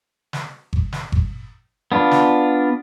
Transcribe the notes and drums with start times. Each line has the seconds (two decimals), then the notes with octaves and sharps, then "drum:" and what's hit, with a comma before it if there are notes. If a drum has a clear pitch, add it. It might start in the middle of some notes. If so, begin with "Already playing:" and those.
0.33 drum: snare
0.73 drum: kick G1
0.93 drum: snare
1.12 drum: kick G1
1.92 B3 D4 F4
2.11 drum: snare